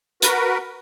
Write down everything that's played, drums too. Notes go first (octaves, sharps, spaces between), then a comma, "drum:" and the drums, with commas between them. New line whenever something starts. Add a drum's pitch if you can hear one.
F#4 A#4 B4, drum: hi-hat